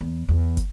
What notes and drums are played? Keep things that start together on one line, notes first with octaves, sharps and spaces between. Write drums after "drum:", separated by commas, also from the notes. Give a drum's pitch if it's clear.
E2
E2
drum: kick, hi-hat